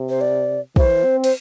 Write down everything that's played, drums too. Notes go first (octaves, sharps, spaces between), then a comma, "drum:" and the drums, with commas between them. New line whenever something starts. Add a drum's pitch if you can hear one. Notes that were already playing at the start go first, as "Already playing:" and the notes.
Already playing: C3
C5
D5
E3 C5, drum: kick
C4
C5, drum: cymbal